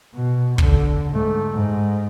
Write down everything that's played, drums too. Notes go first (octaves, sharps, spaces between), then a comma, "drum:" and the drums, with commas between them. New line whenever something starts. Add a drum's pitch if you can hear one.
B2
D3, drum: kick
G#2 A3
G#2